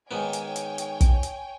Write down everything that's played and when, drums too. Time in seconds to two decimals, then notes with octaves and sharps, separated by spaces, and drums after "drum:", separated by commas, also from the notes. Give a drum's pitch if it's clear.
0.11 G#2 D#3 B3 C#5 G5 G#5
0.33 drum: hi-hat
0.56 drum: hi-hat
0.78 drum: hi-hat
1.01 drum: kick, hi-hat
1.23 drum: hi-hat